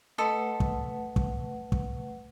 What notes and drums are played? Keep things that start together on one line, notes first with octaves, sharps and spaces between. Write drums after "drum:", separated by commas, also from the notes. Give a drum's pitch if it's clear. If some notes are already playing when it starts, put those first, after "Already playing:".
A3 A4 B4 D#5 F#5 C6
drum: kick
drum: kick
drum: kick